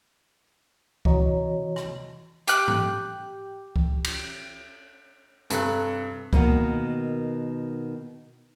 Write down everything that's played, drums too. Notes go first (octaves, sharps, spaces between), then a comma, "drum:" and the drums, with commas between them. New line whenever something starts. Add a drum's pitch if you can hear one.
C3 E3 F#4 C#5 D#5 A#5, drum: kick C#2
drum: rim click
G4 F#6, drum: hi-hat
drum: tom G#2
drum: kick C#2
drum: cymbal
G2 C3 A4 A#5 F#6, drum: hi-hat
B2 D#3 A#3 B3, drum: kick C#2